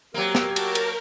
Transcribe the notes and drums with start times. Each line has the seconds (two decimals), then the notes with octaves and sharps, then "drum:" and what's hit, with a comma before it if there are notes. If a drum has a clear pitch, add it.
0.14 F#3 A#3 C4 G4 A#4
0.35 drum: snare
0.56 F#4 A#4 A5 D6, drum: cymbal
0.75 drum: cymbal